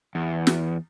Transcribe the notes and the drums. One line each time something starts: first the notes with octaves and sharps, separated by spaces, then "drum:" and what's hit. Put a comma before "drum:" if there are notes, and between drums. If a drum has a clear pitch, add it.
E2
drum: snare